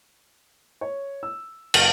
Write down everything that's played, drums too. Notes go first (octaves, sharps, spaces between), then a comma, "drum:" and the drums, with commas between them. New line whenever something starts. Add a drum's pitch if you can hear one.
C#5
E6
F#1 F6, drum: cymbal